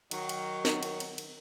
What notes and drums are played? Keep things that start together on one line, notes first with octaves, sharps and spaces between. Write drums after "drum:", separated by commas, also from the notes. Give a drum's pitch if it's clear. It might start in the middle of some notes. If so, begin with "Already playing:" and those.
D#3 F#3, drum: cymbal
drum: cymbal
drum: snare
drum: cymbal
drum: cymbal
drum: cymbal